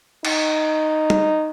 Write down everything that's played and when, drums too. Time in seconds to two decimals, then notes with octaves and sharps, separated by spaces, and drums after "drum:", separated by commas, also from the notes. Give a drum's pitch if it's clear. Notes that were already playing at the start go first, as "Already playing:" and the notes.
0.25 D#4, drum: cymbal
1.10 drum: tom